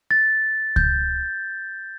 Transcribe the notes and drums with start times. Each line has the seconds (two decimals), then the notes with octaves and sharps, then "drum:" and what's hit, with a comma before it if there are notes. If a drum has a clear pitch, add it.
0.11 A6
0.76 G6, drum: kick C#2